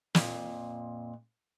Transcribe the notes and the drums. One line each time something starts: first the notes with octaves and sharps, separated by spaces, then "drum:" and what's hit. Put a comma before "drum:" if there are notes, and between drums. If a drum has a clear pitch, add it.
F2 A#2, drum: snare